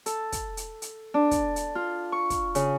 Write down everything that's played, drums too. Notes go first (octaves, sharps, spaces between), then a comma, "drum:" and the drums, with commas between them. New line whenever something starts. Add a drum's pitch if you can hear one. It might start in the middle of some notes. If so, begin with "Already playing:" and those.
A4, drum: hi-hat
drum: kick, hi-hat
drum: hi-hat
drum: hi-hat
D4
drum: kick, hi-hat
drum: hi-hat
F4
C#6
drum: kick, hi-hat
C#3, drum: hi-hat